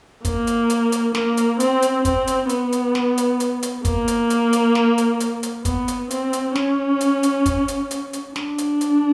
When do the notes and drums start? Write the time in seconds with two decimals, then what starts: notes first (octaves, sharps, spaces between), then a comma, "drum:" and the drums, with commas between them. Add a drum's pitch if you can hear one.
0.25 A#3, drum: kick, hi-hat
0.47 drum: hi-hat
0.70 drum: hi-hat
0.92 drum: hi-hat
1.15 A#3, drum: snare
1.37 drum: hi-hat
1.60 C4, drum: hi-hat
1.82 drum: hi-hat
2.05 C4, drum: kick, hi-hat
2.27 drum: hi-hat
2.49 B3, drum: hi-hat
2.72 drum: hi-hat
2.95 drum: snare
3.17 drum: hi-hat
3.40 drum: hi-hat
3.63 drum: hi-hat
3.85 A#3, drum: kick, hi-hat
4.08 drum: hi-hat
4.30 drum: hi-hat
4.53 drum: hi-hat
4.75 drum: snare
4.98 drum: hi-hat
5.20 drum: hi-hat
5.43 drum: hi-hat
5.65 B3, drum: kick, hi-hat
5.88 drum: hi-hat
6.10 C4, drum: hi-hat
6.33 drum: hi-hat
6.55 C#4, drum: snare
7.01 drum: hi-hat
7.23 drum: hi-hat
7.46 drum: kick, hi-hat
7.68 drum: hi-hat
7.91 drum: hi-hat
8.13 drum: hi-hat
8.36 D4, drum: snare
8.58 drum: hi-hat
8.81 drum: hi-hat